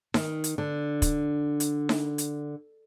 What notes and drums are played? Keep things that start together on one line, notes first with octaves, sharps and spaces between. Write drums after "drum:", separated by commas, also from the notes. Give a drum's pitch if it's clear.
D#3, drum: snare D#4
drum: hi-hat
D3
drum: kick, hi-hat
drum: hi-hat
drum: snare D#4
drum: hi-hat